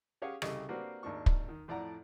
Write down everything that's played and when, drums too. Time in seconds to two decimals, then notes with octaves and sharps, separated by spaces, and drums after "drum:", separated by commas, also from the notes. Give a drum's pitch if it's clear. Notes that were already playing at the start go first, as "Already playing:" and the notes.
0.22 C#4 G4 G#4 C#5 F5 F#5
0.42 C2 C#3 G4 A4 D#5, drum: rim click
0.69 A#3 C4 D4 F#4 G4 B4
1.03 G#1 D#2 A#3 D4 C#6
1.26 drum: kick
1.49 D#3
1.68 F2 A2 D5 F#5 A#5